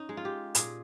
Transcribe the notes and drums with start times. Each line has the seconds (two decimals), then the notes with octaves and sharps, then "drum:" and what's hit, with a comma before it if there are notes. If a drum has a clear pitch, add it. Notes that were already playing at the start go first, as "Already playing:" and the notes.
Already playing: C#4 D#4
0.09 G#3
0.17 F4
0.25 G4
0.55 A#2 G#4, drum: hi-hat